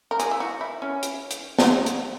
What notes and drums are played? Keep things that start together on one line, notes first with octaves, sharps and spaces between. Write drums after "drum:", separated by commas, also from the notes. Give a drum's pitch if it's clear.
A#4
G#4, drum: hi-hat
E4
F#4
E4
C#4
drum: hi-hat
drum: hi-hat
drum: snare
drum: hi-hat